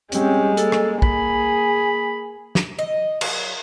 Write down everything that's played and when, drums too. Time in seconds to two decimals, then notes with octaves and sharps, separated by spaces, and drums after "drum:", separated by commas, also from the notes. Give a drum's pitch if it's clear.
0.12 G3 G#3 C4 C#4, drum: hi-hat
0.57 A#3 A4, drum: hi-hat
0.72 drum: rim click
1.02 G#4 B5, drum: kick
2.55 drum: snare
2.79 D#5
3.21 F#3, drum: cymbal